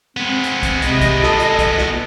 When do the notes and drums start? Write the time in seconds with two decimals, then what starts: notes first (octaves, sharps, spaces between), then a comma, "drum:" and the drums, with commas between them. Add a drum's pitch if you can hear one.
0.17 G#3 B3 C4
0.44 drum: hi-hat
0.63 drum: kick, hi-hat
0.82 C3 D#5, drum: hi-hat
1.01 drum: kick, hi-hat
1.23 A4, drum: snare
1.39 drum: hi-hat
1.59 drum: kick, hi-hat
1.78 drum: snare